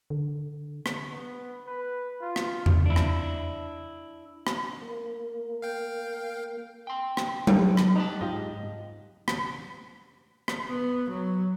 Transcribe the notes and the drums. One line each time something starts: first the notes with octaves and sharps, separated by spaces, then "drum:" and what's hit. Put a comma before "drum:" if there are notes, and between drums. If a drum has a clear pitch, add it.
D3
drum: rim click
B3
B4
F4
drum: rim click
drum: tom E2
D4 E4
drum: rim click
drum: rim click
A#3
F5 G5
G5 C6
drum: rim click
drum: tom F#3
drum: rim click
D#4 G4 F#5 A5
G#2 F4 G4 D#5
drum: rim click
drum: rim click
B3
F#3